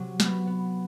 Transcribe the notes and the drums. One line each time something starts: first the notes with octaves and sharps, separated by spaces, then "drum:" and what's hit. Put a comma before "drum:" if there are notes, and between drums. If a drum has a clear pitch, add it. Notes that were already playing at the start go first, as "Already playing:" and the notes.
Already playing: C3 F#3
B3, drum: snare
B3